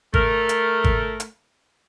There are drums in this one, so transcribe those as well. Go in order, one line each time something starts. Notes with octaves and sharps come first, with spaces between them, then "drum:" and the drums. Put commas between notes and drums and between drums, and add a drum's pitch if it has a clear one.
A3 A#4, drum: kick G#1
drum: hi-hat
drum: kick G#1
drum: hi-hat